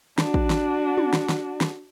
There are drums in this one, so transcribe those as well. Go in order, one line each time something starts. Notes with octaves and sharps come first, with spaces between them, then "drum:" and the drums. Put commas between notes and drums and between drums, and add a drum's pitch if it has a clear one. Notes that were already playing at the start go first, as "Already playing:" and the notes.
D4 F#4, drum: snare
drum: kick
drum: snare
drum: tom
drum: snare
drum: snare
drum: snare